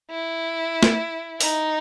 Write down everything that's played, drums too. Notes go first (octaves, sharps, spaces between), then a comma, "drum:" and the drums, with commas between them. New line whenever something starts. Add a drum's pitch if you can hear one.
E4
drum: snare
D#4, drum: open hi-hat